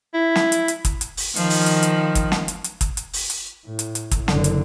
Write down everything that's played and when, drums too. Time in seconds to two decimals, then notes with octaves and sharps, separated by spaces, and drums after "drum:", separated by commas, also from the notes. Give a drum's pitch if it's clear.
0.14 E4
0.36 drum: snare
0.52 drum: hi-hat
0.68 drum: hi-hat
0.85 drum: kick, hi-hat
1.01 drum: hi-hat
1.17 drum: open hi-hat
1.36 D#3 F3, drum: hi-hat
1.50 drum: open hi-hat
1.66 drum: hi-hat
1.83 drum: hi-hat
2.15 drum: kick, hi-hat
2.32 drum: snare
2.48 drum: hi-hat
2.64 drum: hi-hat
2.81 drum: kick, hi-hat
2.97 drum: hi-hat
3.13 drum: open hi-hat
3.30 drum: hi-hat
3.66 A2
3.79 drum: hi-hat
3.95 drum: hi-hat
4.11 drum: kick, hi-hat
4.28 F#1 D3, drum: snare
4.44 drum: hi-hat